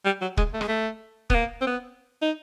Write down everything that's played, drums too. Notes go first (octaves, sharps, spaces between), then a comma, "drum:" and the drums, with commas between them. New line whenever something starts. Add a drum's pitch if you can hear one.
G3
F#3
G#3, drum: kick
A3
G#3, drum: rim click
A3
B3, drum: kick
A#3
C4
B3
D#4